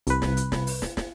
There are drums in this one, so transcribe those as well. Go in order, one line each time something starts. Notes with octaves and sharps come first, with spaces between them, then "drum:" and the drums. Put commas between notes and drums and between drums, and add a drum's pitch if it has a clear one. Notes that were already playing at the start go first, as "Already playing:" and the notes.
C2 B4, drum: hi-hat
drum: snare
drum: hi-hat
drum: snare
drum: open hi-hat
drum: snare
drum: snare